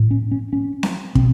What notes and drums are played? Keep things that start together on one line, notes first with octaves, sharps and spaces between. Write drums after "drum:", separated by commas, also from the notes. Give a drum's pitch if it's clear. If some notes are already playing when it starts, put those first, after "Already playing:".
Already playing: A2
C#4
C#4
C#4
drum: snare C4
B2 C4, drum: kick